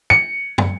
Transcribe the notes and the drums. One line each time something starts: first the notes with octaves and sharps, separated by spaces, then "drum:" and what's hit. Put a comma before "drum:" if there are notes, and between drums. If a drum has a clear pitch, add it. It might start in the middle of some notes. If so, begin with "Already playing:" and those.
C#7
drum: tom